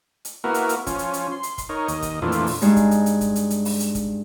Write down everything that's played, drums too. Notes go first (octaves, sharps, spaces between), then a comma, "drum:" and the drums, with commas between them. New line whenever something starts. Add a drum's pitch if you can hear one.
drum: hi-hat
A#3 B3 E4 F#4 A#4
drum: hi-hat
drum: hi-hat
F3 C#4, drum: kick, hi-hat
drum: hi-hat
drum: hi-hat
C6
drum: hi-hat
drum: kick, hi-hat
D#4 A#4 C#5
D#2 D#5, drum: hi-hat
drum: kick, hi-hat
F2 A#2 E3 A3 D4 F4
drum: hi-hat
drum: open hi-hat
G2 G#3 D#4, drum: hi-hat
drum: kick, hi-hat
drum: hi-hat
drum: hi-hat
drum: kick, hi-hat
drum: hi-hat
drum: hi-hat
drum: open hi-hat
drum: hi-hat
drum: kick, hi-hat